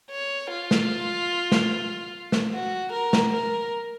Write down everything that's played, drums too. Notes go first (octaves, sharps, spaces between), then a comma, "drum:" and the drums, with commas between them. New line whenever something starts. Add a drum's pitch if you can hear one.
C#5
F4
drum: snare
drum: snare
drum: snare
F#4
A#4
drum: snare
A#4